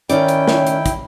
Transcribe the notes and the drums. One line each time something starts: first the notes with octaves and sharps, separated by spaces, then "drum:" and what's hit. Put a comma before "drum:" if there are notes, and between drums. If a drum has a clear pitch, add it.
D#3 C#4 D#4 E4 D5 G5, drum: hi-hat
drum: hi-hat
drum: snare
drum: hi-hat
drum: kick, hi-hat